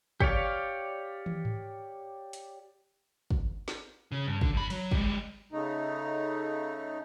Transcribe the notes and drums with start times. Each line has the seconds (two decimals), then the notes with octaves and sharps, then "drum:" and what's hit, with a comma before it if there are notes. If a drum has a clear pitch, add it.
0.20 G4 C#5 D5 F5, drum: kick
1.26 drum: tom
1.45 drum: tom G#2
2.33 drum: hi-hat
3.30 drum: kick
3.68 drum: snare
4.12 C#3
4.27 G2
4.41 D3, drum: kick
4.53 G2 B5
4.70 F#3, drum: cymbal
4.91 G3 G#3, drum: kick
5.52 C#3 A3 D#4